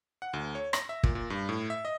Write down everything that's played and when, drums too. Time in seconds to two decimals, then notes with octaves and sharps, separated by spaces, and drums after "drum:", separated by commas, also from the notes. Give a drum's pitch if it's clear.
0.22 F#5
0.33 D2
0.55 C#5
0.73 A#6, drum: rim click
0.89 E5
1.03 A#2, drum: kick
1.15 A#2
1.30 G2
1.49 A2
1.70 E5
1.85 D#5